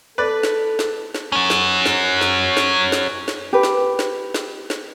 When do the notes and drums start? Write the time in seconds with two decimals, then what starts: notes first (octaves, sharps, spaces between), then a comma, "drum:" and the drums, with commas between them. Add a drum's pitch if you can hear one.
0.18 A4 B4 D5
0.43 drum: snare
0.79 drum: snare
1.15 drum: snare
1.32 C#4 F#4
1.50 drum: snare
1.86 drum: snare
2.21 drum: snare
2.57 drum: snare
2.92 drum: snare
3.28 drum: snare
3.53 G4 B4
3.63 drum: snare
3.99 drum: snare
4.34 drum: snare
4.70 drum: snare